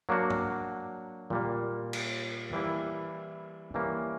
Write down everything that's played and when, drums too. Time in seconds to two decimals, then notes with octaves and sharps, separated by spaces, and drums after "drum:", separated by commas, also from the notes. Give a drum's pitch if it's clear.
0.09 F#3 A#3 D4 F#4
0.30 drum: tom G#2
1.30 A#2 G3 A#3
1.93 drum: cymbal
2.53 E3 G3 A#3 E4
3.74 E3 G3 A#3 C#4